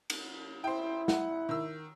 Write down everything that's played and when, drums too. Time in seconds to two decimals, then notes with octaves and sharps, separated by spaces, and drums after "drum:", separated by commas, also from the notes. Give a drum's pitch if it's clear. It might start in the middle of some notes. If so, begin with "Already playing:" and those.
0.10 drum: cymbal
0.64 E4 C5 G5
1.08 F#5, drum: snare
1.49 D#3 E6